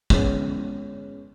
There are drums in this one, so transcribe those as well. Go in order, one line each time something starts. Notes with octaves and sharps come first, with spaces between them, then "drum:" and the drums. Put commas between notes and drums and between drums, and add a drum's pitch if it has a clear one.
G#3 B3 C#4, drum: kick